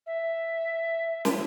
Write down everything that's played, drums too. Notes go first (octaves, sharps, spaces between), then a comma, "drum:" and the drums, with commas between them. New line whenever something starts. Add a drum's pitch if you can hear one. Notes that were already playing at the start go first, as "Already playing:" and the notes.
E5
drum: snare